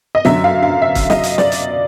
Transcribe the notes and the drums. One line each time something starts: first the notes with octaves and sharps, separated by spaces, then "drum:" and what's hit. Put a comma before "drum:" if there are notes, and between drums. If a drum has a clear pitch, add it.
D#5
F#2 D3 F#3 E5, drum: snare
F5
F5
E5
drum: kick, hi-hat
D#5, drum: snare
drum: hi-hat
D5, drum: snare
drum: hi-hat